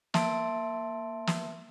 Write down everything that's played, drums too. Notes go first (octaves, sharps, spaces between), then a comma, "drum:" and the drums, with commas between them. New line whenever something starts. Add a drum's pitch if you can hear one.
A#3 E5 A5 C6 D7, drum: snare
drum: snare